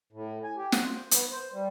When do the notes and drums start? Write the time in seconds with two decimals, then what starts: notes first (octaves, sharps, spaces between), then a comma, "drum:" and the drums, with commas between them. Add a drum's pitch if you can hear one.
0.13 A2
0.44 G#5
0.57 G4
0.72 F#5, drum: snare
0.84 C5
1.11 B3, drum: hi-hat
1.32 C5
1.53 G3